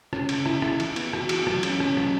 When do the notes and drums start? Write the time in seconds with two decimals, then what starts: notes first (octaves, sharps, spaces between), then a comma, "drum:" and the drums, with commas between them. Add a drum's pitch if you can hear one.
0.13 C#4, drum: rim click
0.29 C#3, drum: cymbal
0.46 E4, drum: rim click
0.62 E4, drum: rim click
0.80 E3, drum: cymbal
0.96 B3, drum: cymbal
1.13 F#4, drum: rim click
1.29 E3, drum: cymbal
1.47 F#3, drum: rim click
1.63 C#4, drum: cymbal
1.80 C#4, drum: rim click
1.97 F#3, drum: rim click